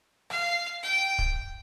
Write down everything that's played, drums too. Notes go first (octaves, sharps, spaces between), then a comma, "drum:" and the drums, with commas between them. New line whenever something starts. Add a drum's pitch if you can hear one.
F5, drum: rim click
G5
drum: kick